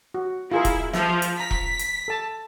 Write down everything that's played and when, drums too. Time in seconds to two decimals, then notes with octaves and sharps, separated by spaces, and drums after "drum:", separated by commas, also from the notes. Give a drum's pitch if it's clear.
0.14 F#4
0.52 E4 F4 G#4 A#4
0.65 drum: kick E1, hi-hat
0.93 F3 E5, drum: snare
1.22 drum: hi-hat
1.40 A#5 B6
1.51 drum: kick E1
1.79 drum: hi-hat
2.08 A4 A5